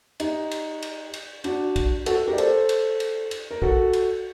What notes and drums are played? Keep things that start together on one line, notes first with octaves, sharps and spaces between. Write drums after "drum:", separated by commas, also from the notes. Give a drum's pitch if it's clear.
D#4 G4, drum: cymbal
drum: cymbal
drum: cymbal
drum: cymbal
D4 F#4, drum: cymbal
drum: kick, cymbal
F#4 A4, drum: cymbal
G4 A#4
D5
A4 C5, drum: cymbal
drum: cymbal
drum: cymbal
drum: cymbal
A#4
F#4 A4, drum: kick
drum: cymbal